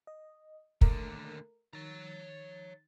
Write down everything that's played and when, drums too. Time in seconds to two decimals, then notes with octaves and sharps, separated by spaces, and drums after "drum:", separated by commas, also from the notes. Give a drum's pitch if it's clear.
0.07 D#5
0.81 D#2 D3 A3 A#4, drum: kick
1.73 D#3 C#5 A#5 A6